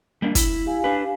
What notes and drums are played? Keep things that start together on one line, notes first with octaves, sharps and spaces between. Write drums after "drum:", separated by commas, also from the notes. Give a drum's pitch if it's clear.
G3 A#3 D4
E4, drum: kick, hi-hat
G4 F5 G#5
D4 B4